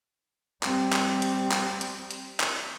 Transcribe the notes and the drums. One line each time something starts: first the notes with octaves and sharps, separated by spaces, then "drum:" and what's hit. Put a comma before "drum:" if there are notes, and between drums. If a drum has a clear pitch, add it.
G3 C4, drum: clap
drum: clap
drum: hi-hat
drum: clap
drum: hi-hat
drum: hi-hat
drum: clap